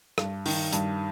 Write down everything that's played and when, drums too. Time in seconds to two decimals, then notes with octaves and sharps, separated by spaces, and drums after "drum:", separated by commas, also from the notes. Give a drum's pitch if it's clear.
0.18 G2, drum: rim click
0.46 D#3, drum: open hi-hat
0.73 G2, drum: hi-hat